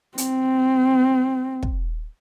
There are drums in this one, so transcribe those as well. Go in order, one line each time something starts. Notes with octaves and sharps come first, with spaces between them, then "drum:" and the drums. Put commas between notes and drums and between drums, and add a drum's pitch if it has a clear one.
C4, drum: hi-hat
drum: kick